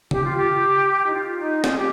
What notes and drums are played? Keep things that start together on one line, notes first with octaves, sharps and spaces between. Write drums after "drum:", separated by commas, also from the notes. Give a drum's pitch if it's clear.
G4, drum: tom C#3
F4
G4
D#4
F4
D#4
F4, drum: snare
G#4
G4